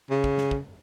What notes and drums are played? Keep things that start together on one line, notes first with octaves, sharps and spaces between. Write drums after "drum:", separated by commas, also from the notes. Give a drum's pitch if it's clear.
C#3
drum: kick
drum: snare
drum: kick